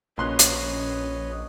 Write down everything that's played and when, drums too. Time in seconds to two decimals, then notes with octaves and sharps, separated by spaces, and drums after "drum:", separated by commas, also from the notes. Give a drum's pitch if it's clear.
0.18 A#1 A#2 C#4 B4 C#5 D#5 C6 F#6
0.39 drum: hi-hat